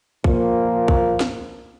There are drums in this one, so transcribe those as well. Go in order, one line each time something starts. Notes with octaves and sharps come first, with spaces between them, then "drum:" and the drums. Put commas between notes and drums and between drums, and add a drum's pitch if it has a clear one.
A#2 F3 A#3, drum: kick
drum: kick
drum: snare